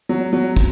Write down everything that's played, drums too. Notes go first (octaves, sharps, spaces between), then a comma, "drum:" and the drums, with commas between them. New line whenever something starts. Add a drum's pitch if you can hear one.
F#3
F#3
drum: kick